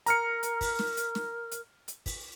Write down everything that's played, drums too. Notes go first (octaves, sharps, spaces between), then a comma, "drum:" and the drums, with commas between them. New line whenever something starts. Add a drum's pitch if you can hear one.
A#4 A#5 F6 C#7, drum: hi-hat
drum: hi-hat
drum: kick, open hi-hat
drum: snare
drum: hi-hat
drum: snare
drum: hi-hat
drum: hi-hat
drum: kick, open hi-hat